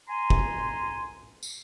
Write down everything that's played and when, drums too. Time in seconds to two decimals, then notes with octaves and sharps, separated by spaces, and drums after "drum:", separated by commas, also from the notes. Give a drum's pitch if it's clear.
0.08 G#5 A#5 C6
0.30 drum: kick
1.43 drum: tambourine